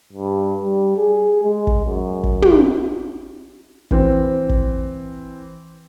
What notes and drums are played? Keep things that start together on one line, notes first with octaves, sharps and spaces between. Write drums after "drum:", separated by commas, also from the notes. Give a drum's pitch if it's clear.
G2
G3
G#4
G#3
drum: kick
F#2
drum: kick
drum: tom
E3 C4, drum: kick
drum: kick